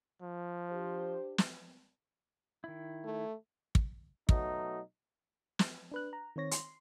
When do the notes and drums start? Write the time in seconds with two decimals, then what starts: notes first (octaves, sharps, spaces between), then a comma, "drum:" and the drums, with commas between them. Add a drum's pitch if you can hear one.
0.22 F3
0.69 D4 G4 C5
1.38 drum: snare
2.64 D#3 E4
3.04 A3
3.75 drum: kick
4.29 B2 F#3 A3 D#4, drum: kick
5.59 drum: snare
5.92 D4 B4 F#6
6.13 A#5
6.36 D#3 C4 C#5 A#6
6.51 C6, drum: hi-hat